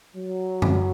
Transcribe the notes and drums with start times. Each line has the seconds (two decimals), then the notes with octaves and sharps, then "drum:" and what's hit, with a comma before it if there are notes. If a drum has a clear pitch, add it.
0.16 F#3
0.62 drum: tom F#2